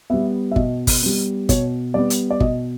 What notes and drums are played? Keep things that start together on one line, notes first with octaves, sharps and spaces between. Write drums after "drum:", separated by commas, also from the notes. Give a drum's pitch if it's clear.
G3 B3 E5
E5
B2 D#5, drum: kick
drum: kick, open hi-hat
G3 B3
B2 C#5, drum: kick, hi-hat
G3 B3 D5
drum: hi-hat
D5
B2 D#5, drum: kick